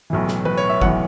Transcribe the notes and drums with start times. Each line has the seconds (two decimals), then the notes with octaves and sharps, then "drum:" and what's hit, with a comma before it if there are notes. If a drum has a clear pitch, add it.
0.10 B1 A2 E3
0.28 drum: snare
0.45 B4, drum: tom
0.57 C#5
0.69 E5
0.82 B1 A2 E3 F#5, drum: kick G1